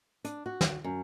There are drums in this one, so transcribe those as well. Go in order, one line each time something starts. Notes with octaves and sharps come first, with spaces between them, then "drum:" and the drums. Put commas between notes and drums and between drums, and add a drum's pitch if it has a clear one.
D4, drum: hi-hat
F#4
drum: snare
F#2